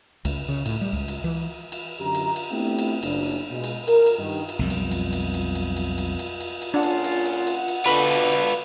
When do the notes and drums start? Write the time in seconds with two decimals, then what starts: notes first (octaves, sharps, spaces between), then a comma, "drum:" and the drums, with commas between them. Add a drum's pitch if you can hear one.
0.25 C#2, drum: cymbal
0.48 C#3
0.66 A2, drum: cymbal
0.81 G3
0.93 C#2
1.08 drum: cymbal
1.24 E3
1.72 drum: cymbal
1.99 F#2 D3 G4 A#5
2.15 drum: cymbal
2.36 drum: cymbal
2.51 A3 B3 C4 D4 E4 G4
2.79 drum: cymbal
3.03 F#1 D4, drum: cymbal
3.51 B2 G#3
3.64 drum: cymbal
3.88 A#4, drum: cymbal
4.06 drum: cymbal
4.19 G2 D#3
4.49 drum: cymbal
4.59 B1 F2 G3
4.70 drum: cymbal
4.91 drum: cymbal
5.13 drum: cymbal
5.34 drum: cymbal
5.55 drum: cymbal
5.77 drum: cymbal
5.98 drum: cymbal
6.19 drum: cymbal
6.41 drum: cymbal
6.62 drum: cymbal
6.74 A#2 C#3 D4 F4 F#5
6.83 drum: cymbal
7.04 drum: cymbal
7.26 drum: cymbal
7.47 drum: cymbal
7.68 drum: cymbal
7.86 B2 D3 F4 B4 B5
8.11 drum: cymbal
8.32 drum: cymbal